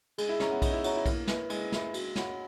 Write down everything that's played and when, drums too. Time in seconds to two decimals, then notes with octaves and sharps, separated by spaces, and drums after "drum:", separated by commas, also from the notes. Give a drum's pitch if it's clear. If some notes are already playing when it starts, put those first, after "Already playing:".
0.18 G#3 G#4, drum: cymbal
0.29 E4
0.40 C#4 C#5 E5 A#5 C#6, drum: snare
0.51 B3
0.62 D#4 G#4, drum: kick B1, cymbal
0.73 E4
0.84 F#4 C#5 E5 A#5 C#6, drum: cymbal
0.95 E4
1.06 A#3 E4, drum: kick B1, cymbal
1.27 B4 E5 B5, drum: snare
1.50 G#3 E4, drum: cymbal
1.72 B4 E5 B5, drum: snare
1.94 F#4, drum: cymbal
2.15 C#5 F#5 B5, drum: snare